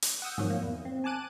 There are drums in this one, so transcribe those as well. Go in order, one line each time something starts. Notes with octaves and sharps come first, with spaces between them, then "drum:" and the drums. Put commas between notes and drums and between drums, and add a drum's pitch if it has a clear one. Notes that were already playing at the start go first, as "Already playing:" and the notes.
drum: hi-hat
F#5 D#6 E6 G6
G#2 C3 D#3 F3 F#3
A#3
E2
C4
G#5 A5 D6 F#6 D#7